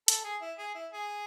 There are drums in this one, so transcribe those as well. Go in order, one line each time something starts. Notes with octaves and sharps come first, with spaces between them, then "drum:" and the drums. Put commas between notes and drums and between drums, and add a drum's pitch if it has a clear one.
A4, drum: hi-hat
G#4
E4
G#4
E4
G#4